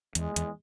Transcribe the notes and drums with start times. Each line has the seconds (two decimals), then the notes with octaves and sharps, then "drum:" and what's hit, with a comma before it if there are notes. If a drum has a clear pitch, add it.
0.15 E2 G#3, drum: hi-hat
0.36 E2, drum: hi-hat